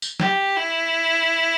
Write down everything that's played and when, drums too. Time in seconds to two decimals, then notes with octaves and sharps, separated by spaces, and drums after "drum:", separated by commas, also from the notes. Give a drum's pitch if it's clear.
0.02 drum: tambourine
0.20 G4, drum: snare
0.56 E4